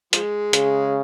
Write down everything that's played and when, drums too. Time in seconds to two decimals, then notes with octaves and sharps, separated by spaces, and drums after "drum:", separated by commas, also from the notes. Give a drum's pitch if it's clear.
0.13 F3 G#3, drum: hi-hat
0.53 C#3, drum: hi-hat